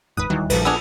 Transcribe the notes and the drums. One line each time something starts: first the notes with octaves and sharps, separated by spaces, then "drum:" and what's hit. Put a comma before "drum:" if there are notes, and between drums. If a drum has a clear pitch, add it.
F1 D#2 G#2 B4 D#6 F#6
E1 D#2 D#3 E3 F#3 G3
A#1 A#2 F3 B4, drum: cymbal
B3 D4 G#4 E6 F7